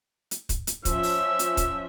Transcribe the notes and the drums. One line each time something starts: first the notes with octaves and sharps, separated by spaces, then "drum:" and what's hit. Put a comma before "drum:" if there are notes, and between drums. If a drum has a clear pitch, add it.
drum: hi-hat
drum: kick, hi-hat
drum: hi-hat
F3 C#4 E5 E6, drum: kick, hi-hat
drum: open hi-hat
drum: hi-hat
drum: kick, hi-hat